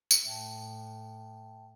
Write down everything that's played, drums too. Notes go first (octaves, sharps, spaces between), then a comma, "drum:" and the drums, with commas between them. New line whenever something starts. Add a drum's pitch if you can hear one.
drum: tambourine
A2 E5 G5 A5